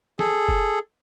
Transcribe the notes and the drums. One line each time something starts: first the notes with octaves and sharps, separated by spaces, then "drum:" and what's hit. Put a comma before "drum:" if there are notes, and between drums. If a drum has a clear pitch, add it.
G#4 A4, drum: snare
drum: kick F1